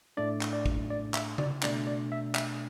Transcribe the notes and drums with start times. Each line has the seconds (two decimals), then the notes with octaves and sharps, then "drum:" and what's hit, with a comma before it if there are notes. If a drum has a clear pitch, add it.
0.17 A2 A3 D4 D5
0.41 drum: clap
0.53 D5
0.66 drum: kick
0.90 D5
1.14 E5, drum: clap
1.38 D5, drum: tom C#3
1.63 B2 A3 D4 D5, drum: clap
1.87 D5
2.12 E5
2.35 E5, drum: clap